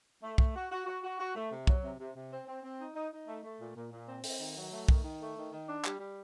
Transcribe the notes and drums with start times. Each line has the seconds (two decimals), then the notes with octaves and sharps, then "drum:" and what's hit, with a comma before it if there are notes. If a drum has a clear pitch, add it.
0.23 A3
0.38 A3, drum: kick
0.55 F#4
0.71 F#4
0.87 F#4
1.03 F#4
1.19 F#4
1.35 A3
1.51 C3
1.67 F#3, drum: kick
1.83 C3
1.99 C3
2.15 C3
2.31 C4
2.47 C4
2.63 C4
2.79 D#4
2.95 D#4
3.12 D#4
3.27 A3
3.44 A3
3.59 A#2
3.76 A#2
3.92 A#2
4.07 C4
4.24 C4, drum: open hi-hat
4.40 D#3
4.56 F#3
4.72 A3
4.89 D#3, drum: kick
5.03 D#3
5.21 A3
5.36 D#3
5.52 D#3
5.68 D4
5.84 G3, drum: clap
6.00 G3